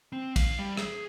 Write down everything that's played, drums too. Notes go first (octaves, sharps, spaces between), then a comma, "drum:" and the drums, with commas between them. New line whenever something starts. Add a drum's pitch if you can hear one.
C4
F5, drum: kick, cymbal
G3
G#4, drum: rim click